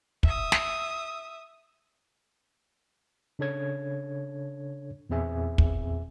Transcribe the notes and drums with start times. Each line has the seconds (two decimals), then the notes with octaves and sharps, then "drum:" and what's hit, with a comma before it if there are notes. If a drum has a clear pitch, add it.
0.23 E5 D#6, drum: kick
0.52 drum: snare
3.39 C#3 D4 A4 C#5 G#6
5.10 E2 A#2 C4 G#4 E5 G#5
5.58 drum: kick